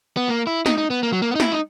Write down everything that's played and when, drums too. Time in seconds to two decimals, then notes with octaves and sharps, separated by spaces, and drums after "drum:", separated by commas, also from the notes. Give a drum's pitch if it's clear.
0.17 B3
0.29 A#3
0.47 E4
0.66 D#4, drum: snare
0.78 D#4
0.90 B3
1.03 A#3
1.12 F#3
1.22 A#3
1.31 B3
1.35 D#4
1.40 E4, drum: snare
1.52 D#4